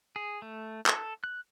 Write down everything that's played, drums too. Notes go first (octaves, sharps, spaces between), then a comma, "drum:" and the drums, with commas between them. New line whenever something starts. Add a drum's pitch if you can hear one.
G#4
A3
A4, drum: clap
F#6